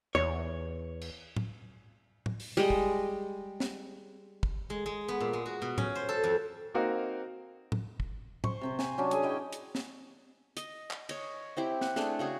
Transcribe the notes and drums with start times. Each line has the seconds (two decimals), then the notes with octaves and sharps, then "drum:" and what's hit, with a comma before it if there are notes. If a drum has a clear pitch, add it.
0.15 E2 C#5
1.01 drum: cymbal
1.37 drum: tom
2.26 drum: tom
2.40 drum: open hi-hat
2.57 G3 G#3 D#5
2.70 drum: kick
3.60 drum: snare
4.43 drum: kick
4.70 G#3
4.86 G#3
5.08 B3
5.20 A#2
5.33 G#3
5.46 F#4
5.62 B2
5.78 C#4, drum: tom
5.95 C5
6.09 A4
6.24 F2
6.74 A#3 C4 D#4 F#4 A#4 F5
7.72 drum: tom
8.00 drum: kick
8.44 C5 C#6, drum: tom
8.61 C3 C4 C5
8.79 G#5, drum: snare
8.98 F#3 C#4 D4
9.11 G#4 G#5, drum: hi-hat
9.23 E4 D#5 G5
9.53 drum: hi-hat
9.75 drum: snare
10.57 D#5, drum: hi-hat
10.91 drum: clap
11.09 C#5 D#5, drum: cymbal
11.57 C4 E4 G4
11.81 F#5, drum: snare
11.96 A3 D4 G#4, drum: snare
12.19 C#3 F#4 G#4